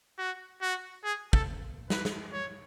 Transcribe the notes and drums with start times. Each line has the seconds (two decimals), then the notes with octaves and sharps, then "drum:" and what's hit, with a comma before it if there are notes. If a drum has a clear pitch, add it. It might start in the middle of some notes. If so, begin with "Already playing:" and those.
0.19 F#4
0.61 F#4
1.04 G#4
1.33 A4, drum: kick
1.90 B4, drum: snare
2.05 drum: snare
2.33 C#5